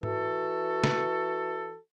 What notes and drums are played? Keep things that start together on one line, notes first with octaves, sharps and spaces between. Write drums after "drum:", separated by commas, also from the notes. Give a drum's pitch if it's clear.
E3 F#4 A4, drum: tom G#2
drum: snare